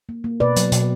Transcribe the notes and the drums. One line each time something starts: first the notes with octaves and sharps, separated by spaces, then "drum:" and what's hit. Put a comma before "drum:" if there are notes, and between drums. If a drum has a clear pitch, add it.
A#3
A#3
B2 B4 D5
F#3, drum: hi-hat
B2, drum: hi-hat